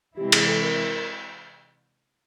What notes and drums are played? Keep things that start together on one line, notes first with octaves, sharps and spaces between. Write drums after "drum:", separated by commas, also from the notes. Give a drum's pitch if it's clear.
C3 E3 G#3 C4 E4 G4
G#4, drum: cymbal
A4
A#4